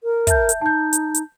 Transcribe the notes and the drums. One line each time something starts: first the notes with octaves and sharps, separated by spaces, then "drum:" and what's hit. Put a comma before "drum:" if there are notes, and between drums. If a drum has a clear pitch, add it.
A#4
E5 A5 G6, drum: kick, hi-hat
drum: hi-hat
D#4 A5 G6
drum: hi-hat
drum: hi-hat